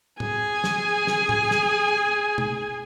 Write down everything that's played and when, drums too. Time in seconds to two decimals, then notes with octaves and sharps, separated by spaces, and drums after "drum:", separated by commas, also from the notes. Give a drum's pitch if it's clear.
0.20 G#4 G#5, drum: tom A2
0.64 drum: snare
1.07 drum: snare
1.29 drum: tom A2
1.51 drum: snare
2.38 drum: tom